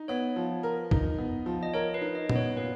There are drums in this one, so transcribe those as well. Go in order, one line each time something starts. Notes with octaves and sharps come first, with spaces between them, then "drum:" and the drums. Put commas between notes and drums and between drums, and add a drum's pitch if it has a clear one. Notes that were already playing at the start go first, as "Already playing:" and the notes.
Already playing: D#4
B3 C#5
F3
A#4
D#4, drum: kick
B3
F3
D#5
A#4 C#5
B4
D#4
D#5
B3, drum: tom A#2
C#5
A#2 B4